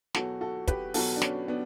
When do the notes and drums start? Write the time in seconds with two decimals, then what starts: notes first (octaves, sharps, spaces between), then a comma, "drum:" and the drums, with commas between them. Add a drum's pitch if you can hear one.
0.14 E2 B2 F#3 F#4 A4, drum: snare
0.41 F#4 A4
0.67 G4 B4, drum: kick, hi-hat
0.94 E2 B2 F#3 F#4 A4, drum: open hi-hat
1.16 D4
1.22 C#4, drum: snare
1.48 B3 D4